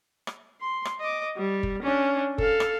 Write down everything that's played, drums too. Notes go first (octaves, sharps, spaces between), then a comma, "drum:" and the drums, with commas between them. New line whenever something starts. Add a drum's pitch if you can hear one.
drum: rim click
C6
drum: rim click
D#5 D6
G3
drum: kick F#1
C#4 D4
A4 F5, drum: kick F#1
drum: rim click